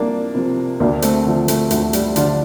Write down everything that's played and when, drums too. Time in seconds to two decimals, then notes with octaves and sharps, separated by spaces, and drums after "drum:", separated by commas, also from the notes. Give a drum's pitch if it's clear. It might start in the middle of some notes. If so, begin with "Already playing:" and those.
Already playing: C2 F3 A#3 D4
0.35 C3 F3
0.80 D2 A#3 D4
1.02 A3 C4, drum: hi-hat
1.25 D3 F3
1.48 A3, drum: hi-hat
1.71 D2 A3, drum: hi-hat
1.93 G3, drum: hi-hat
2.16 D3 F3 D4 F4, drum: hi-hat